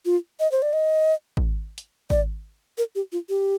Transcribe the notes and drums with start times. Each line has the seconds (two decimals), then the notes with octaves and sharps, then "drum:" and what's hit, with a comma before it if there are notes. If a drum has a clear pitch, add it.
0.05 F4
0.40 D#5
0.52 C5
0.62 D5
0.73 D#5
1.37 drum: kick G#1
1.78 drum: hi-hat
2.10 D5, drum: kick G#1
2.78 A#4
2.95 G4
3.12 F4
3.29 G4